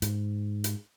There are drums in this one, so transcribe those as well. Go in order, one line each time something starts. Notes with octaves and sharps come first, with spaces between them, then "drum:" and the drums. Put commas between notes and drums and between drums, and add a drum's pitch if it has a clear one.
G#2, drum: hi-hat
drum: hi-hat